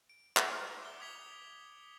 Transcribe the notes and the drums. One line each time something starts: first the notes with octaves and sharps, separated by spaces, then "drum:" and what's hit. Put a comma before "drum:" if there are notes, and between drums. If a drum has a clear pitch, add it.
D7
C#7, drum: clap
D6 G7
D#6 G#6 B6 F7 G7